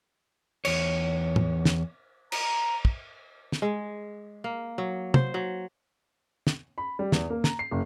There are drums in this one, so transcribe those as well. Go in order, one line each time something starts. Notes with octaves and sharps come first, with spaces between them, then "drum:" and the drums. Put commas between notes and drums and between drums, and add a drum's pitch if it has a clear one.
E2 C#5, drum: cymbal
drum: tom
drum: snare
A#5, drum: cymbal
drum: kick
drum: snare
G#3
A#3
F#3
C5, drum: tom
F#3
drum: snare
B5
G3
E2, drum: snare
A#3
A#5, drum: snare
C7
F#1